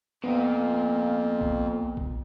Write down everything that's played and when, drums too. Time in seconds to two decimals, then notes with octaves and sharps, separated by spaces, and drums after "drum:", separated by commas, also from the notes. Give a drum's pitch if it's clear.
0.24 F2 A#2 B3
1.41 drum: kick A#1
1.97 drum: kick A#1